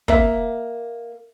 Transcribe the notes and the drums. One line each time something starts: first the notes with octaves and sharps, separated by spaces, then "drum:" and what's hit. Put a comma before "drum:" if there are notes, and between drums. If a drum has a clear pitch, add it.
A#3 E5, drum: kick